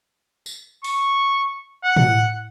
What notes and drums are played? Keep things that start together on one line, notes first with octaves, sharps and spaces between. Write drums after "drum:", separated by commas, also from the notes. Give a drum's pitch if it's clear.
drum: tambourine
C#6, drum: open hi-hat
F#5
drum: tom A2